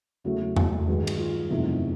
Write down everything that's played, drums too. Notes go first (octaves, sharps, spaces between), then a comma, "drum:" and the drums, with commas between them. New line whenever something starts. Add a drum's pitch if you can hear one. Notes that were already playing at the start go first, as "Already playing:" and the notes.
E2 C#3 F#3 A3 F#4
F#4, drum: tom E2
G2 D#3 G#3 F#4
drum: cymbal
F4
F#1 E2 C3 F3 A3 D#4